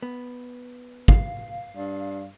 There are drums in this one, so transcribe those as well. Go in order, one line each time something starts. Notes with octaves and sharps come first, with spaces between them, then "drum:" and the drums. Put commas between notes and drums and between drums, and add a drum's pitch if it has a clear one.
B3
F5, drum: kick
G2